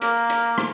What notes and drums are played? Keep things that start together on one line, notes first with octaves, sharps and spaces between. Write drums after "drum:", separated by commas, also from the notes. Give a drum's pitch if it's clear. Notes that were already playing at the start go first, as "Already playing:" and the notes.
A#3, drum: hi-hat
drum: hi-hat
drum: rim click